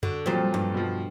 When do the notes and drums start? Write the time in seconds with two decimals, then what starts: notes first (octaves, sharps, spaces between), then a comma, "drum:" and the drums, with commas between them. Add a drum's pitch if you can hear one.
0.03 D3 F#4, drum: tom F2
0.26 F2 A#2 F#3 G3 C5
0.54 G2
0.74 B2 F3